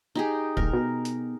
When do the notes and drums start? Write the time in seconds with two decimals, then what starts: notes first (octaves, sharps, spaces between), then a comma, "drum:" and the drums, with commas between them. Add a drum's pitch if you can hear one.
0.15 D#4 G4 G#4
0.57 D#1 A#4, drum: kick
0.73 B2
1.05 drum: hi-hat